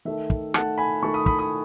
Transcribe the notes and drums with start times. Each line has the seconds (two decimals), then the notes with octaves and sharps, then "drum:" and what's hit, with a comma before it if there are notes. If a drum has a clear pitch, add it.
0.05 D#3 A3 E5
0.30 drum: kick
0.54 D#3 A3 F#5 A5, drum: rim click
0.78 G#5 B5
1.03 D#3 A3 A5 C#6
1.14 B5 D#6
1.26 B5 D#6, drum: kick
1.39 B5 D#6